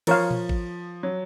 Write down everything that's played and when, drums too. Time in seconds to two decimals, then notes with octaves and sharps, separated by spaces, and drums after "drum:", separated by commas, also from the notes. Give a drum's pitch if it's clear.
0.07 F3 A#4 C#5 F5, drum: cymbal
0.31 drum: tom A#2
0.49 drum: kick
1.03 F#3